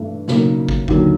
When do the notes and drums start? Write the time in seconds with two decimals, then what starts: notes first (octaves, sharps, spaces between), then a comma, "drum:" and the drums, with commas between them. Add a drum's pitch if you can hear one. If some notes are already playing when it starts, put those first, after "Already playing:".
Already playing: G2 E3 A3 D4
0.28 C#3 F#3 A#3 D#4, drum: snare
0.69 drum: kick
0.88 D#2 D3 F#3, drum: kick